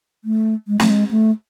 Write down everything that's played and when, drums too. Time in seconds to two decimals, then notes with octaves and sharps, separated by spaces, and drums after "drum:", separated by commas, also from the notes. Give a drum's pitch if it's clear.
0.24 A3
0.68 G#3
0.80 A3, drum: snare
0.90 G#3
1.11 A3